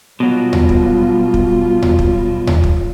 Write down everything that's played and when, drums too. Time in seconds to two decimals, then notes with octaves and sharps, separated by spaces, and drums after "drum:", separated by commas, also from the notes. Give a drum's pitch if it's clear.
0.20 B2 F#3 G3 F4
0.53 drum: tom D#2
0.69 drum: kick
1.34 drum: kick
1.82 drum: tom D#2
1.99 drum: kick
2.47 drum: tom D#2
2.64 drum: kick